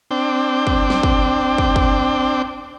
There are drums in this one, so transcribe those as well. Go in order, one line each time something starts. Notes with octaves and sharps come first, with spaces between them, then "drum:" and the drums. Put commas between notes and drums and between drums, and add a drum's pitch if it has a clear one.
C4 D4 G5
drum: kick
drum: snare
drum: kick
drum: kick
drum: kick